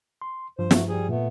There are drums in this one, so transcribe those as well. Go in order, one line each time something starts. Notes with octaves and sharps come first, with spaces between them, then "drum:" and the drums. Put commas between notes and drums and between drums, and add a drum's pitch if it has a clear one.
C6
G2 F3 C5
A3 F#4, drum: snare
G3 G#4
A#2 A3 B3